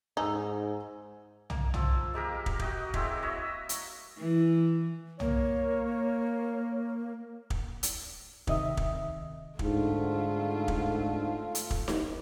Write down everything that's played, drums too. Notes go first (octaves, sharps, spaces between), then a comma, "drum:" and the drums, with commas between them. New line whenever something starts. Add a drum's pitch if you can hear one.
G#2 D#4 G#5 E6
A#3, drum: tom
F3 E6, drum: tom
G#3 A#3 G4 A#4
drum: kick
F#4 D#5 G5, drum: kick
G#3 C4 E4 G4, drum: kick
F#4 C#5 D#5 E5
drum: hi-hat
E3
A#3 C#5, drum: tom
drum: kick
drum: hi-hat
C3 D#3 D#5 E5 D#6, drum: kick
drum: kick
G#2 D3 A3 F4, drum: kick
drum: kick
drum: hi-hat
drum: kick
drum: snare D#4